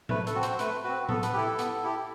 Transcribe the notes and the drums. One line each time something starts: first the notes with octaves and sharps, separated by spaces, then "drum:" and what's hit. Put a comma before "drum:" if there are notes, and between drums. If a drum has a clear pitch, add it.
A3 B4, drum: tom A2
A4, drum: hi-hat
C4 F#4
C5, drum: hi-hat
A3 B4, drum: hi-hat
C4 F#4 B4
B3 A4, drum: tom A2
B4, drum: hi-hat
E4 G4 A4
B3, drum: hi-hat
E4 G4